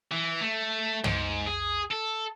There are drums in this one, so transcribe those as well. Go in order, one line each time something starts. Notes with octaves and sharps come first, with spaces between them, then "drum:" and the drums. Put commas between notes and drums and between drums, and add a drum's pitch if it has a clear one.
E3
A3
G#2, drum: tom
G#4
A4